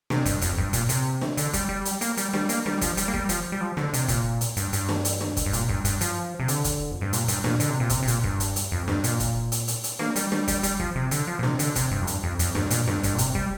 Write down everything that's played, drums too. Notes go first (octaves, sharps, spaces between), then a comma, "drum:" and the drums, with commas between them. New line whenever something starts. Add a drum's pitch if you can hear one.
C3, drum: snare
G2, drum: kick, hi-hat
F2, drum: hi-hat
G2, drum: kick
A#2, drum: hi-hat
C3, drum: hi-hat
drum: snare
D3, drum: hi-hat
G3, drum: kick, hi-hat
G3
drum: hi-hat
A#3, drum: hi-hat
G3, drum: hi-hat
G3, drum: snare
A#3, drum: hi-hat
G3, drum: snare
F3, drum: kick, hi-hat
G3, drum: hi-hat
A#3
G3, drum: kick
F3, drum: hi-hat
G3
F3
D3, drum: snare
C3, drum: hi-hat
A#2, drum: kick, hi-hat
drum: hi-hat
G2, drum: hi-hat
G2, drum: hi-hat
drum: snare
drum: hi-hat
drum: snare
drum: kick, hi-hat
G2
A#2, drum: hi-hat
G2, drum: kick
G2, drum: hi-hat
F3, drum: hi-hat
C3
D3, drum: hi-hat
drum: kick, hi-hat
F2
G2
A#2, drum: hi-hat
G2, drum: hi-hat
A#2, drum: snare
D3, drum: hi-hat
C3
A#2
C3, drum: kick, hi-hat
C3
A#2, drum: hi-hat
G2, drum: kick
drum: hi-hat
drum: hi-hat
F2
G2, drum: snare
A#2, drum: hi-hat
drum: kick, hi-hat
drum: hi-hat
drum: hi-hat
drum: hi-hat
A#3, drum: snare
G3, drum: hi-hat
G3, drum: snare
G3, drum: kick, hi-hat
G3, drum: hi-hat
F3, drum: kick
C3
D3, drum: hi-hat
F3
A#2
C3, drum: snare
D3, drum: hi-hat
C3, drum: kick, hi-hat
G2
F2
G2, drum: hi-hat
F2
F2, drum: hi-hat
G2, drum: snare
A#2, drum: hi-hat
G2, drum: snare
G2, drum: kick, hi-hat
A#2
C3, drum: hi-hat
G3, drum: kick